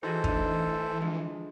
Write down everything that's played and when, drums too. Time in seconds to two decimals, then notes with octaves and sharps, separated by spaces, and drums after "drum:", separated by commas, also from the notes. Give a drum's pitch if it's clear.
0.03 E3 D#4 F#4 G#4 A4 C5
0.24 A2 D4 D#4, drum: kick
1.01 D3 F3 G#3